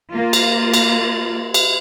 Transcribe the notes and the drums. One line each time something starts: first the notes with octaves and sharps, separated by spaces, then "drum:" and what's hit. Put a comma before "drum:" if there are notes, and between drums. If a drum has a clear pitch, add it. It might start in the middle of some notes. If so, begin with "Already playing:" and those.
A#3 F4
drum: cymbal
drum: cymbal
drum: cymbal